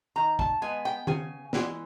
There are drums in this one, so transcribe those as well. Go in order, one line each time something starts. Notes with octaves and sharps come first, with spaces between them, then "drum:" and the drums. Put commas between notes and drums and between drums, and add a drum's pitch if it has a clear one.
D#3 A#5
A5, drum: kick
G#3 B3 G#5
G5
C#3 G#5, drum: tom D#3
E3 G#3, drum: snare